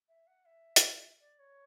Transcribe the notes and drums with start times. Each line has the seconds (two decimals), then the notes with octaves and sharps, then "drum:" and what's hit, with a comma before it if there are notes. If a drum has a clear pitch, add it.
0.08 E5
0.27 F#5
0.45 E5
0.76 drum: hi-hat
1.21 D5
1.39 C#5